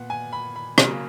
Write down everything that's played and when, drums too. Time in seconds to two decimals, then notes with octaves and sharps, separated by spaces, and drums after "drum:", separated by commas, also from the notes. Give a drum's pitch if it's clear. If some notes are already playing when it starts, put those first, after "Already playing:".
Already playing: A#2 B3 F#5
0.10 G#5
0.33 B5
0.56 B5
0.78 C#3 F#3 A#3 C#4, drum: rim click